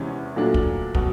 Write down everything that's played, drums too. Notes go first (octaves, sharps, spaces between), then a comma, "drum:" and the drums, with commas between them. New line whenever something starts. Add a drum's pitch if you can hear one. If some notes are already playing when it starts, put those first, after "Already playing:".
Already playing: E2 C3 E3 G#3 C#4
A#2 F#3 A3 D4
drum: kick
B2 F#3, drum: kick